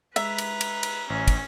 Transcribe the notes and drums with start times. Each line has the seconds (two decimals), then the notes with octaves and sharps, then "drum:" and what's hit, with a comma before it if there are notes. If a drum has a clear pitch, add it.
0.16 G#3 B4 E5 A#5, drum: cymbal
0.38 drum: cymbal
0.61 drum: cymbal
0.83 drum: cymbal
1.10 A1 C#4
1.28 drum: kick, cymbal